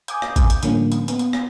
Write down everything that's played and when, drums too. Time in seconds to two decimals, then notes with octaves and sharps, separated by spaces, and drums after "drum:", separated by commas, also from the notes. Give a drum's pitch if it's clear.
0.08 G#5 D6 D#6 G6, drum: hi-hat
0.22 drum: rim click
0.36 drum: kick G#1, hi-hat
0.50 drum: hi-hat
0.63 A2 D3 F3 G3 A#3 C#4, drum: hi-hat
0.92 drum: hi-hat
1.08 B3, drum: hi-hat
1.19 drum: hi-hat
1.33 drum: rim click